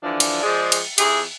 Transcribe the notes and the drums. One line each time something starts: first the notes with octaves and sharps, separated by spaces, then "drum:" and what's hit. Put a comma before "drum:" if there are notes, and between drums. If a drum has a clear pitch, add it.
D3 E3 F3 D4
drum: cymbal
F3 G#3 G#4 C5 D5
drum: cymbal
F2 E4 G4 G#4, drum: cymbal